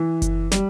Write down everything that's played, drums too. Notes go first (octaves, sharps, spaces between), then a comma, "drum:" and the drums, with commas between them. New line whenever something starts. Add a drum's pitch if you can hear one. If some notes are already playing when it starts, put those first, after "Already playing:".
Already playing: E3
drum: kick F#1, hi-hat
G3, drum: snare